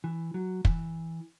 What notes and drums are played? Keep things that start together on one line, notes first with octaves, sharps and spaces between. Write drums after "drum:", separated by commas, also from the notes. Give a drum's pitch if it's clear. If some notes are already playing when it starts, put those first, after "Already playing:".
E3
F#3
E3, drum: kick